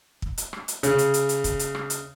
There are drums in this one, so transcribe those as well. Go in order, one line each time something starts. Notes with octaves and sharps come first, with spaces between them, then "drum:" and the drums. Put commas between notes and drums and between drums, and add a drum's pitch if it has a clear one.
drum: kick
drum: hi-hat
drum: rim click
drum: hi-hat
C#3, drum: hi-hat
drum: hi-hat
drum: hi-hat
drum: hi-hat
drum: kick, hi-hat
drum: hi-hat
drum: rim click
drum: hi-hat